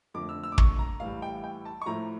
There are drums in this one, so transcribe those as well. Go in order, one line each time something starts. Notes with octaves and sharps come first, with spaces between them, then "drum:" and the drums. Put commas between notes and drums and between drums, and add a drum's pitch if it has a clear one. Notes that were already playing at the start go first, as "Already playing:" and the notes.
F2 D3 A3 D6
E6
E6
D6
C#6, drum: kick
A#5
A2 E3 G3 F5
G5
G5
A5
C#6
A2 F3 A3 A#5